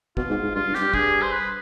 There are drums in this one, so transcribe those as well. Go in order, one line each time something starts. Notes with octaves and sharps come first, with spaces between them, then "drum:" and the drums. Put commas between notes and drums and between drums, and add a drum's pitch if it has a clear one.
B2 F4, drum: kick
G#2
G#2
G2 F4
G2
G4, drum: snare
G2
G2 G#4, drum: kick
C5
B4